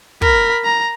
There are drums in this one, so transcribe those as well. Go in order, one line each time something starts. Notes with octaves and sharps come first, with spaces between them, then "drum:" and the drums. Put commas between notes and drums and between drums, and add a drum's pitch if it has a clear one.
A#4 B5, drum: kick
A#5